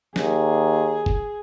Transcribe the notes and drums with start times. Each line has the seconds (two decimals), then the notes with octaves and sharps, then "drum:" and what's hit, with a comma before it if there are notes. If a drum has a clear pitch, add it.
0.16 D#2 G#4, drum: snare
1.06 drum: kick